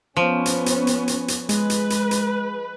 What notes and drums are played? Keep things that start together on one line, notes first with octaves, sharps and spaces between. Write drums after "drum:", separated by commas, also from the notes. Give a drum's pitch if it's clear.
F3 B3 C#4
drum: hi-hat
drum: hi-hat
drum: hi-hat
drum: hi-hat
drum: hi-hat
G#3 B4, drum: hi-hat
drum: hi-hat
drum: hi-hat
drum: hi-hat